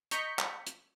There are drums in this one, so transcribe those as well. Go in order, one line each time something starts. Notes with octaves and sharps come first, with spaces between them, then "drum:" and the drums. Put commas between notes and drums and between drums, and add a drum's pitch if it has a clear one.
D#5 A#5 C#6 G6 B6 C#7, drum: hi-hat
drum: clap
drum: hi-hat